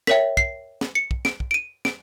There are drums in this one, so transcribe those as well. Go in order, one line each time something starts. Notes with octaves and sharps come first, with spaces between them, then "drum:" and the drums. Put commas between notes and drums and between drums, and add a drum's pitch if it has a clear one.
A#4 C#5 E5 G5 B6, drum: snare
C7, drum: kick
drum: snare
C#7
drum: kick
D7, drum: snare
drum: kick
D7
D#7
D7, drum: snare